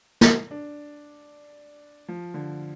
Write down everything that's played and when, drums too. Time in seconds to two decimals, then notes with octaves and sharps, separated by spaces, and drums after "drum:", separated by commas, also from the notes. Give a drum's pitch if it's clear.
0.21 drum: snare A#4
0.51 D4
2.08 F3
2.34 D3